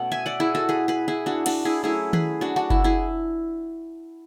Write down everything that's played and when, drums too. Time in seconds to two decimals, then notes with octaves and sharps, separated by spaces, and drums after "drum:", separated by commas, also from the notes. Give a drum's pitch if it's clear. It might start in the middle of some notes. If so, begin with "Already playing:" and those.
Already playing: B2 A3 C#4 F#5
0.12 E5 G#5
0.26 D5 F#5
0.40 E4 G#4
0.55 F#4 A4
0.69 G#4 B4
0.88 G#4 B4
1.08 E4 G#4
1.26 D4 F#4
1.46 D4 F#4, drum: cymbal
1.65 E4 G#4
1.84 F#3 A3 C#4 E4 G#4
2.13 G#4 B4, drum: tom D#3
2.41 D4 F#4
2.56 D4 F#4
2.70 E4, drum: kick F#1
2.84 E4 G#4